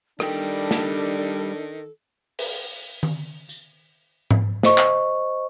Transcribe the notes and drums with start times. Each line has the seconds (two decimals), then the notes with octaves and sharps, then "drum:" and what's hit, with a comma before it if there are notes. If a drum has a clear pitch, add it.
0.20 D#3 G3 D4 A4 G5, drum: rim click
0.71 drum: snare
2.39 drum: open hi-hat
3.03 drum: tom D#3
3.49 drum: tambourine
4.31 drum: tom G#2
4.63 C5 D#5 C#6, drum: snare
4.78 drum: clap